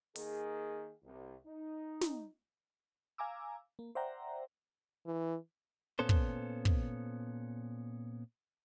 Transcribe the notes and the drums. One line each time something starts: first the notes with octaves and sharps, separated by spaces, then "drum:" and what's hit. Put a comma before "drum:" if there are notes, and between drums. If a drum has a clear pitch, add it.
D#3 A#3 D#4 G#4, drum: open hi-hat
C2
D#4
drum: snare
F5 G#5 A#5 D6 E6
A#3
C5 D5 E5 F#5 G5 A#5
E3
A#2 B3 C#4 A4 C5
drum: kick
drum: kick